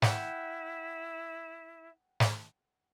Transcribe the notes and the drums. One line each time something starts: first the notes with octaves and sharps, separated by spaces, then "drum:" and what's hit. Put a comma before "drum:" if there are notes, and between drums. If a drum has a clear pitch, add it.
E4 F#5 G5, drum: snare
drum: snare